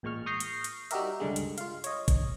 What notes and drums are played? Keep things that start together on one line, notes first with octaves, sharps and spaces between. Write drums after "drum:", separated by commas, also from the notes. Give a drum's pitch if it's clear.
A1 A#2 G#3 C#6 F6
C#6 D#6 F6 G6 A#6 C7
drum: hi-hat
drum: hi-hat
G3 D#4 F#4 G4 A#4 E5, drum: hi-hat
C#2 G2 D3 G#3
drum: hi-hat
F4 F5, drum: hi-hat
C#5 D#5, drum: hi-hat
drum: kick G#1, hi-hat